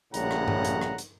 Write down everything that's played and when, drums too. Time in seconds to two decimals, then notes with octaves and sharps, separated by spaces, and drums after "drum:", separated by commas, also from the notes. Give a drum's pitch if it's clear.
0.14 A#1 A2 C#3 G3 F#5 A#5, drum: hi-hat
0.31 drum: rim click
0.48 drum: tom G2
0.65 drum: hi-hat
0.81 drum: rim click
0.98 drum: hi-hat